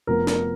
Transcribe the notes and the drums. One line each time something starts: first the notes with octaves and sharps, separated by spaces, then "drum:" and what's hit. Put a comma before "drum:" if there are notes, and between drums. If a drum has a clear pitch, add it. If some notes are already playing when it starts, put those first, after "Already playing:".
F1 F2 F3 B3 A#4
A#4, drum: snare